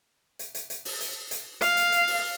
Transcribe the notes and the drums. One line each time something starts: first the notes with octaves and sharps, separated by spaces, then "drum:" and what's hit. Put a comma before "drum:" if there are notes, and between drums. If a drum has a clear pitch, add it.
drum: hi-hat
drum: hi-hat
drum: hi-hat
drum: open hi-hat
drum: hi-hat
drum: hi-hat
F5, drum: hi-hat
drum: hi-hat
drum: hi-hat
drum: open hi-hat